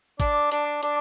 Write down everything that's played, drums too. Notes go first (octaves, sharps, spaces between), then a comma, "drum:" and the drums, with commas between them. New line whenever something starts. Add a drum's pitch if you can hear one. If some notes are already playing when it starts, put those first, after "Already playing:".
D4 D5, drum: kick, hi-hat
D4 D5, drum: hi-hat
D4 D5, drum: hi-hat